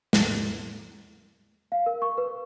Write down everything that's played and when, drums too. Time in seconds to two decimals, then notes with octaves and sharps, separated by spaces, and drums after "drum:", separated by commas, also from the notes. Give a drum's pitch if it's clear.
0.13 drum: snare
1.72 F5
1.86 A#4
2.02 C#6
2.18 B4